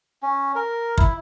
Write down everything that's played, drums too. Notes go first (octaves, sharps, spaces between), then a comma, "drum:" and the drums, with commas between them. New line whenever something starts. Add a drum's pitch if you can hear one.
C#4
A#4
E4, drum: kick